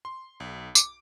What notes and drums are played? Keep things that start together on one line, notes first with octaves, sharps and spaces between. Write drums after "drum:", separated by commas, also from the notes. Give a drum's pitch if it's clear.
C6
B1
D6, drum: tambourine